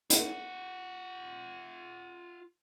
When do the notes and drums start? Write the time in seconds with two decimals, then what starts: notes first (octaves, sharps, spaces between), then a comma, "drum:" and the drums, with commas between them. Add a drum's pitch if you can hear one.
0.10 F4 F#5, drum: hi-hat